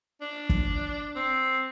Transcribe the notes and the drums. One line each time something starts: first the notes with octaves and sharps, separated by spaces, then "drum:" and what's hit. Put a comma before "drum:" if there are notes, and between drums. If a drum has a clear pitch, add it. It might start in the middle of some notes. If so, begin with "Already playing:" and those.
D4
drum: kick
C4